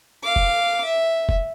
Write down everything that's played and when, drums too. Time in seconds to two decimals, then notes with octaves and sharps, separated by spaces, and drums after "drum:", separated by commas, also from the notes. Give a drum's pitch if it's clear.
0.23 F5 D6
0.36 drum: kick F1
0.85 E5
1.29 drum: kick F1